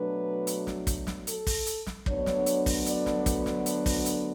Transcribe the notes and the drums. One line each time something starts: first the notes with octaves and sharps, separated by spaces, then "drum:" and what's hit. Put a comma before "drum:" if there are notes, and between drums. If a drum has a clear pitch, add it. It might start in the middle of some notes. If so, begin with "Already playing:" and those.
Already playing: B2 F#3 A3 D4 B4
drum: hi-hat
drum: snare
drum: kick, hi-hat
drum: snare
A4, drum: hi-hat
drum: kick, open hi-hat
drum: hi-hat
drum: snare
D2 D3 F#3 B3 D4 C#5, drum: kick
drum: snare
drum: hi-hat
drum: kick, open hi-hat
D5, drum: hi-hat
drum: snare
drum: kick, hi-hat
drum: snare
drum: hi-hat
drum: kick, open hi-hat
drum: hi-hat